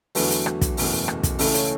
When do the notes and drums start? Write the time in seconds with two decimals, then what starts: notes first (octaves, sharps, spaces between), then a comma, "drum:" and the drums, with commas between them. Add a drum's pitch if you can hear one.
0.15 E2 D3 F#3 A3 B4, drum: open hi-hat
0.30 drum: hi-hat
0.46 drum: rim click
0.61 drum: kick, hi-hat
0.77 F#1 E2 B2 A3, drum: open hi-hat
1.08 drum: rim click
1.23 drum: kick, hi-hat
1.39 C#2 C#3 E3 A3 A4, drum: open hi-hat
1.54 C#5, drum: hi-hat